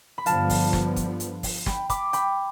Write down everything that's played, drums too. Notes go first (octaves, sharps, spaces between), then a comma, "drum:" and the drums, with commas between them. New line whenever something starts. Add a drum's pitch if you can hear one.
B5
G2 D3 F3 B3 F5 A5, drum: hi-hat
drum: kick, open hi-hat
drum: snare
drum: kick, hi-hat
drum: hi-hat
drum: kick, open hi-hat
G5 B5, drum: snare
B5 D6, drum: kick, hi-hat
G5 B5, drum: hi-hat